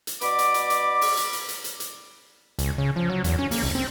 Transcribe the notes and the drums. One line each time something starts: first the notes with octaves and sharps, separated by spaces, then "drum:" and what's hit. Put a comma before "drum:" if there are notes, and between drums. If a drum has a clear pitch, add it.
drum: hi-hat
B2 D5 B5 D6, drum: hi-hat
drum: hi-hat
drum: hi-hat
drum: hi-hat
drum: open hi-hat
drum: hi-hat
drum: hi-hat
drum: hi-hat
drum: hi-hat
drum: hi-hat
C#2, drum: hi-hat
C#3
F3
F#3
E2, drum: hi-hat
C#4
A#3, drum: open hi-hat
C2
C4